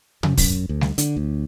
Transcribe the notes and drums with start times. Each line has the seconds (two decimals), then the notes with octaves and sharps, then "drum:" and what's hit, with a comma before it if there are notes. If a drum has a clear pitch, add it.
0.23 F#2, drum: tom C3
0.37 F#2, drum: kick, open hi-hat
0.69 D2
0.81 drum: snare G3
0.98 D3, drum: hi-hat
1.17 D2